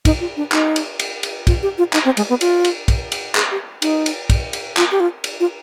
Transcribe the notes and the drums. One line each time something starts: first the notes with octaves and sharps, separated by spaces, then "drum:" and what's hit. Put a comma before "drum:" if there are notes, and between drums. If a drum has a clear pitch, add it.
D#4, drum: kick, cymbal
F4
D4
D#4, drum: clap
drum: cymbal
drum: cymbal
drum: cymbal
F4, drum: kick, cymbal
G4
F4
D#4, drum: clap
C4
G#3, drum: cymbal
B3
F4, drum: cymbal
drum: cymbal
drum: kick, cymbal
drum: cymbal
G#4, drum: clap
G4
D#4, drum: cymbal
drum: cymbal
drum: kick, cymbal
drum: cymbal
F4, drum: clap
G4
F4
drum: cymbal
F4